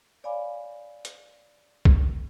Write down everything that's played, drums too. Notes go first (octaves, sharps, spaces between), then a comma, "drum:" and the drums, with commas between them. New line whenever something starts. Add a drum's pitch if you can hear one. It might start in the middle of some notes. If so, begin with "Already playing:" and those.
C#5 D5 F5 G#5 B5 D6
drum: hi-hat
drum: kick